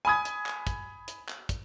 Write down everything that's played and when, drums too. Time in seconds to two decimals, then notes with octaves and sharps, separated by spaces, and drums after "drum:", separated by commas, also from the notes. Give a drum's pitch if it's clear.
0.05 G#5 B5 D#6 G#6
0.25 drum: hi-hat
0.46 drum: clap
0.67 drum: kick, hi-hat
1.08 drum: hi-hat
1.29 drum: clap
1.49 drum: kick, hi-hat